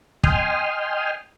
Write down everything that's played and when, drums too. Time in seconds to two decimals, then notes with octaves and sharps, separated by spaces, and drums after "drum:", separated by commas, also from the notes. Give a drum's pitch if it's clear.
0.24 D#5 G5 G#5 C6 D#6 F6, drum: kick